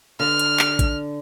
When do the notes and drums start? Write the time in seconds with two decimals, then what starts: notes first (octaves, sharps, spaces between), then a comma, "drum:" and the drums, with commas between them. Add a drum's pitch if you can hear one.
0.20 D3 F6
0.39 drum: hi-hat
0.59 drum: clap
0.79 drum: kick, hi-hat